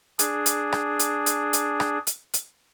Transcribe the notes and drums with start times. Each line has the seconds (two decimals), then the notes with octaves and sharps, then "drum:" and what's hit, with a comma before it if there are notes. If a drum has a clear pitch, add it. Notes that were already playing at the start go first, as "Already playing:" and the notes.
0.19 D4 G#4, drum: hi-hat
0.46 drum: hi-hat
0.72 drum: rim click
0.99 drum: hi-hat
1.26 drum: hi-hat
1.53 drum: hi-hat
1.80 drum: rim click
2.07 drum: hi-hat
2.34 drum: hi-hat